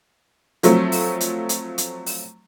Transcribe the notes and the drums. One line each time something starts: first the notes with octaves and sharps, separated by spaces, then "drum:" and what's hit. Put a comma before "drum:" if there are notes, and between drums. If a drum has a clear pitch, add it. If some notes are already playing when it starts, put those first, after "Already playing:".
F3 F#3 A3 C4, drum: hi-hat
drum: open hi-hat
drum: hi-hat
drum: hi-hat
drum: hi-hat
drum: open hi-hat